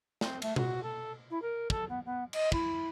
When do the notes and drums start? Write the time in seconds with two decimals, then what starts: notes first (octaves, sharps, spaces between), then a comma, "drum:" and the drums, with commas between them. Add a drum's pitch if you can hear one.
0.21 C4, drum: snare
0.42 A3, drum: cymbal
0.56 F#4, drum: tom B2
0.83 A4
1.30 E4
1.41 A#4
1.70 A4, drum: kick
1.89 B3
2.05 B3
2.33 D#5, drum: cymbal
2.52 E4, drum: kick